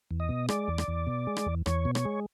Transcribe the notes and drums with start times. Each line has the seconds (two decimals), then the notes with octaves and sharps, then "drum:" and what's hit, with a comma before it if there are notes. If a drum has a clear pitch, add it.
0.11 E2
0.20 D#5
0.29 B2
0.49 G#3 D5, drum: rim click
0.68 E2
0.78 drum: rim click
0.88 E2
1.07 B2
1.27 G#3
1.37 drum: rim click
1.46 E2
1.66 E2 C#5, drum: rim click
1.85 B2
1.95 C#5, drum: rim click
2.05 G#3